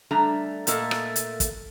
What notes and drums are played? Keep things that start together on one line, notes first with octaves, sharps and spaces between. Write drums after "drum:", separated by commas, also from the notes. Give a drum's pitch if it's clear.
G3 A3 D4 A#5
A#2 A3 A#3 A4 D#5, drum: hi-hat
drum: rim click
drum: hi-hat
drum: kick, hi-hat